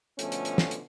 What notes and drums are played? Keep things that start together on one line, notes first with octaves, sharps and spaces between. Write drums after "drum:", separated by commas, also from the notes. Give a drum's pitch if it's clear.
B2 D3 F3 A3 C#4, drum: hi-hat
drum: hi-hat
drum: hi-hat
drum: snare
drum: hi-hat